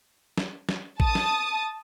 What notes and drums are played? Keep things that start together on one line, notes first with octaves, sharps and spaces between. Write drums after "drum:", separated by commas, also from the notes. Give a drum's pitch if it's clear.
drum: snare
drum: snare
A5 D#6, drum: kick A1
drum: snare